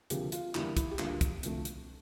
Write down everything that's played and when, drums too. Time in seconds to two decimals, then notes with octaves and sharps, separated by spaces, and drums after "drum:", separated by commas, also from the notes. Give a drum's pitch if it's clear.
0.10 D2 C3 F3 A#3 G4, drum: hi-hat
0.32 F4, drum: hi-hat
0.55 E2 D3 G3 A#3 E4, drum: clap
0.77 E4, drum: kick, hi-hat
0.91 G4
0.99 D2 D3 G3 A#3 F4, drum: clap
1.21 drum: kick, hi-hat
1.43 D2 C3 F3 A3, drum: hi-hat
1.65 drum: hi-hat